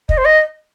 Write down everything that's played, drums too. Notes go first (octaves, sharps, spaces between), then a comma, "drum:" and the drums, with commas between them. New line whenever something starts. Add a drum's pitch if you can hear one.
D#5, drum: kick
C5
D#5